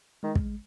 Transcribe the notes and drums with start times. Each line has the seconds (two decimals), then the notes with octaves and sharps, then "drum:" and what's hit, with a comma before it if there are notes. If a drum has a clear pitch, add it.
0.23 D#3 G#3
0.36 drum: kick